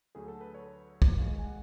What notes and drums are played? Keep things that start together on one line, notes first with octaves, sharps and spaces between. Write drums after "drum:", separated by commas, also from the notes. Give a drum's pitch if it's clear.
D2 D3 F#3 G#4
A4
B4
C#5
drum: kick
G#2 G#3 F5
G#5
F#5